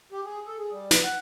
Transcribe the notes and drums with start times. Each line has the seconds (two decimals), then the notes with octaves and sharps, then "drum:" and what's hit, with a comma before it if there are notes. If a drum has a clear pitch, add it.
0.12 G4
0.25 G#4
0.47 A4
0.59 G#4
0.71 G3
0.91 B4, drum: snare
1.03 F#5